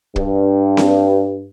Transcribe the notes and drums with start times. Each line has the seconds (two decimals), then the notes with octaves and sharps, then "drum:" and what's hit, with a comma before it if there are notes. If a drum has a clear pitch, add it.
0.16 G2, drum: kick
0.77 drum: snare C4